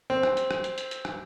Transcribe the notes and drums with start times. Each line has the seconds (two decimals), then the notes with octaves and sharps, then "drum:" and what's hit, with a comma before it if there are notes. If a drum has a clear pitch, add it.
0.10 C4
0.23 drum: rim click
0.37 drum: hi-hat
0.51 drum: rim click
0.64 drum: hi-hat
0.78 drum: hi-hat
0.91 drum: hi-hat
1.05 drum: rim click